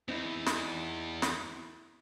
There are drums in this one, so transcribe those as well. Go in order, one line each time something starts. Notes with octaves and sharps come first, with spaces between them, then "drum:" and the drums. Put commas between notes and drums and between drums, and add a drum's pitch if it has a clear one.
E2 C4 D#4 E4
drum: snare
drum: snare